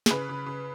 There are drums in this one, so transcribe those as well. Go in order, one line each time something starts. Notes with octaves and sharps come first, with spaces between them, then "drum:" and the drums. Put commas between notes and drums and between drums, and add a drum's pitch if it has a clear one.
G#4, drum: snare
C#3 B4
C#3
C#3